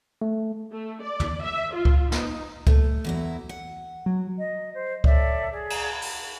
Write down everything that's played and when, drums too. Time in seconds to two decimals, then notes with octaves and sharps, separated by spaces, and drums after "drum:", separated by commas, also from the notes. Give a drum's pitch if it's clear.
0.22 A3
0.72 A3
1.03 D5
1.20 drum: tom
1.42 E5
1.74 F4
1.85 drum: kick C#2
2.12 D#4, drum: snare
2.67 A3, drum: kick C#2
3.04 E2 F#3 E4
3.49 F#5
4.06 F#3
4.38 D#5
4.74 C5
5.04 A4 C#5 D5 E5, drum: kick C#2
5.51 G#4 D5
5.70 drum: cymbal
5.91 B5
6.02 drum: open hi-hat